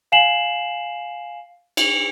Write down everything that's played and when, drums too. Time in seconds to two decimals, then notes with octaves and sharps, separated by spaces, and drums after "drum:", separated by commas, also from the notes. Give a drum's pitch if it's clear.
0.12 F5 G#5 C7 E7 F#7
1.77 drum: cymbal